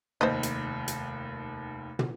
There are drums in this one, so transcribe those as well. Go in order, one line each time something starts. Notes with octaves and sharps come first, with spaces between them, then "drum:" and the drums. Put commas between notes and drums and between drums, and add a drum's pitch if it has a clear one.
F1 D#2 C5 D#5
drum: hi-hat
drum: hi-hat
drum: tom